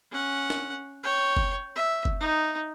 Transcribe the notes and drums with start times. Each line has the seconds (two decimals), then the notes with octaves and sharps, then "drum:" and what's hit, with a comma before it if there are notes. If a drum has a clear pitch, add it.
0.11 C#4 F#5
0.50 drum: snare
1.03 C#5 G5
1.37 drum: kick F#1
1.76 E5
2.05 drum: kick F#1
2.20 D#4